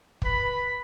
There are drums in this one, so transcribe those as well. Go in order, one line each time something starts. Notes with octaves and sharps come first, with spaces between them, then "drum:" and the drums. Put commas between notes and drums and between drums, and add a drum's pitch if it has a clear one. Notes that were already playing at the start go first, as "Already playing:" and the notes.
B4 B5, drum: kick